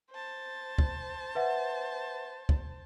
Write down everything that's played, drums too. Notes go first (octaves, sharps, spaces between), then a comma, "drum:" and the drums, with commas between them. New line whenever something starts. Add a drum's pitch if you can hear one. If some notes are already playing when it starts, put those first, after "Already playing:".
C5 A5
drum: kick
B4 E5 F#5
drum: kick